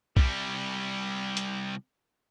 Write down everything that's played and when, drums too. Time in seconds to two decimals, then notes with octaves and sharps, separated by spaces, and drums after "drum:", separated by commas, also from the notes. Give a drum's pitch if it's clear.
0.17 C2 G3, drum: kick B1
1.37 drum: hi-hat